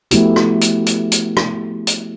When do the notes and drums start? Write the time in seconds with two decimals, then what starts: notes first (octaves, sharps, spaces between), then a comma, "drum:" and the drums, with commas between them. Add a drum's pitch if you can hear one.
0.11 F3 A3 B3 E4 F#4 G4, drum: hi-hat
0.36 drum: rim click
0.61 drum: hi-hat
0.86 drum: hi-hat
1.12 drum: hi-hat
1.37 drum: rim click
1.87 drum: hi-hat